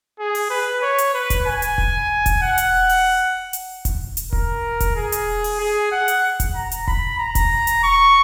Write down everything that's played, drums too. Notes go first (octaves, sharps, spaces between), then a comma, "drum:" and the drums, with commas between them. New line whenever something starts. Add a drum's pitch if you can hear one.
G#4
drum: open hi-hat
B4
C#5
drum: hi-hat
B4
drum: kick E1, hi-hat
G#5
drum: hi-hat
drum: kick E1
drum: kick E1, hi-hat
F#5
drum: hi-hat
drum: open hi-hat
drum: hi-hat
drum: kick E1, hi-hat
drum: hi-hat
A#4, drum: kick E1
drum: kick E1, hi-hat
G#4
drum: hi-hat
drum: open hi-hat
G#4
F#5
drum: hi-hat
drum: kick E1, hi-hat
A#5
drum: hi-hat
B5, drum: kick E1
A#5
drum: kick E1, hi-hat
drum: hi-hat
C#6